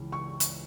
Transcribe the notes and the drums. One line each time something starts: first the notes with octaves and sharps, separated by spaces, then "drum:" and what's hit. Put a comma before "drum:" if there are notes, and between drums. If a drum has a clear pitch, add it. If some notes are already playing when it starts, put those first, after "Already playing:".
Already playing: C#2 C#3 E3
C#6
drum: hi-hat